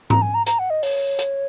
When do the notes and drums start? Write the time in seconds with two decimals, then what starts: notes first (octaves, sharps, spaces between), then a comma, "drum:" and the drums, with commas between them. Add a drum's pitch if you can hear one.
0.10 A#5, drum: tom G#2
0.22 G#5
0.34 A#5
0.46 A#5, drum: hi-hat
0.59 F#5
0.70 D#5
0.83 C#5, drum: open hi-hat
1.19 drum: hi-hat